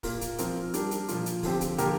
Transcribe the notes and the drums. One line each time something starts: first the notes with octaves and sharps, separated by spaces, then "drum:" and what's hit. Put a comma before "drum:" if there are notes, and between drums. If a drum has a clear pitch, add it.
A#2 A#3 F4 A#4, drum: kick, open hi-hat
drum: kick, hi-hat
F3 C4 F4 A#4, drum: hi-hat
G3 D4 A#4, drum: hi-hat
drum: hi-hat
A#2 F3 A#3 F4, drum: hi-hat
drum: hi-hat
D3 F3 C4 G4, drum: kick, open hi-hat
drum: kick, hi-hat
D3 F3 A#3 G4 A#4, drum: hi-hat